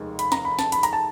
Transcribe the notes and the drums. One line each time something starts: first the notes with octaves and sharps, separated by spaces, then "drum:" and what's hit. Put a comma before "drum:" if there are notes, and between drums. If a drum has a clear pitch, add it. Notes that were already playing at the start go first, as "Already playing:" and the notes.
Already playing: F1 D#2 D#3 G#3
B5, drum: hi-hat
A#5, drum: snare
B5
A5, drum: snare
B5, drum: hi-hat
A#5, drum: hi-hat
A5